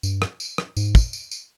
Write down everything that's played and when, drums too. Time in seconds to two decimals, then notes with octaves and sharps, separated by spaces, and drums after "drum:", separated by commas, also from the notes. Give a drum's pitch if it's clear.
0.03 G2, drum: tambourine
0.22 drum: rim click
0.40 drum: tambourine
0.58 drum: rim click
0.77 G#2, drum: tambourine
0.95 drum: kick, tambourine
1.13 drum: tambourine
1.31 drum: tambourine